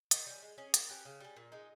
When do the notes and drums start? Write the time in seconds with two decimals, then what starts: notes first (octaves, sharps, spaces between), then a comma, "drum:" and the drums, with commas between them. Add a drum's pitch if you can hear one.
0.11 D#3, drum: hi-hat
0.27 G3 C#4
0.42 G#3
0.58 C#4 G#4
0.74 A#3, drum: hi-hat
0.89 C#4 G4 B4
1.05 C#3
1.20 G3 C#4
1.36 A#2
1.52 G#3 D#4